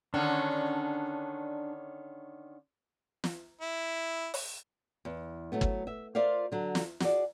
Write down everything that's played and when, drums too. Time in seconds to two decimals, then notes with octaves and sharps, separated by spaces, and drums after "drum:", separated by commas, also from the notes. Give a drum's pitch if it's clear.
0.14 D3 D#3 C#4 D4 F#5
3.24 drum: snare
3.61 E4
4.34 drum: open hi-hat
5.05 E2
5.52 F#3 A3 B3
5.61 drum: kick
5.87 E5
6.15 F4 A#4 C5 D5 E5 F5
6.52 D3 F#3
6.75 drum: snare
7.00 F#4 G#4 D5, drum: snare